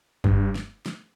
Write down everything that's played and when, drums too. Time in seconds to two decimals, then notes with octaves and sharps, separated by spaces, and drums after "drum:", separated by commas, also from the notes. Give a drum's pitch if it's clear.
0.24 G2, drum: kick
0.55 drum: snare
0.86 drum: snare